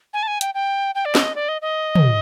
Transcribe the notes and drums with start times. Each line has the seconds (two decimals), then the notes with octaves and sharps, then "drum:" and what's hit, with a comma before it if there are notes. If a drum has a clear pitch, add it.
0.14 G#5
0.23 A5
0.28 G#5
0.41 G5, drum: hi-hat
0.54 G5
0.95 G5
1.05 D5
1.15 D#5, drum: snare
1.35 D5
1.49 D#5
1.62 D#5
1.95 drum: tom